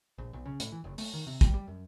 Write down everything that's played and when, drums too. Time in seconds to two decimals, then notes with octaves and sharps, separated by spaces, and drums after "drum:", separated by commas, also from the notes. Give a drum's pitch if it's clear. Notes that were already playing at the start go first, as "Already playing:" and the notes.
0.18 A#1
0.33 B1
0.46 C#3
0.60 A2, drum: hi-hat
0.72 E3
0.84 F#1
0.98 A3, drum: open hi-hat
1.14 D#3
1.27 C3
1.41 G3, drum: kick, hi-hat
1.54 G3
1.68 F#2